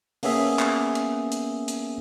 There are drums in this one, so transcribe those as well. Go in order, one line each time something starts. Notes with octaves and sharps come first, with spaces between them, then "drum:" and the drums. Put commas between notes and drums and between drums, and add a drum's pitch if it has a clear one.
A#3 B3 C#4 G#4 E5, drum: open hi-hat
drum: clap
drum: hi-hat
drum: hi-hat
drum: hi-hat